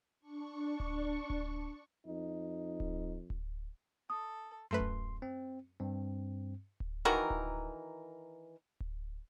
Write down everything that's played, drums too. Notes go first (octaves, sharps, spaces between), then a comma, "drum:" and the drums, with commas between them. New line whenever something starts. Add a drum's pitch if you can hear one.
D4 C#6
drum: kick D1
drum: kick D1
F2 D#4
drum: kick D1
drum: kick D1
A4 D#6
F#2 A3 B4 C6
drum: kick D1
C4
G2 C4
drum: kick D1
D#3 E3 F#4 A#4
drum: kick D1
drum: kick D1